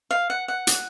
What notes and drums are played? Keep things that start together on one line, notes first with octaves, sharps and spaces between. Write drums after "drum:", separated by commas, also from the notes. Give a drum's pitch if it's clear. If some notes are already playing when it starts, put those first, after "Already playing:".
F5
F#5
F#5
drum: hi-hat